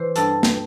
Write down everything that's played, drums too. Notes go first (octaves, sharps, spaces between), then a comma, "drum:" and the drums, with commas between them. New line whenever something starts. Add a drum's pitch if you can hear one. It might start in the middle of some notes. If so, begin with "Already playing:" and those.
Already playing: E3 C5
G2 A4, drum: hi-hat
drum: snare